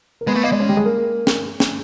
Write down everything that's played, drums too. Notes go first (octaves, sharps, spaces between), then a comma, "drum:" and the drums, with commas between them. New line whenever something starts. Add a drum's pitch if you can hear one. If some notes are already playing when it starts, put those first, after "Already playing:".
A#4
G#3 B3 B4
A3
A#3 D#5
G#3 D5
C#4 C#5
G3 G4
G#3 G#4
A#3 A#4
drum: snare
drum: snare